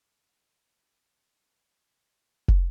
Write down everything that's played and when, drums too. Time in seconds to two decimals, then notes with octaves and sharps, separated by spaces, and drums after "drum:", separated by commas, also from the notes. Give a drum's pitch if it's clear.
0.13 A#3 G#4 A5
2.48 drum: kick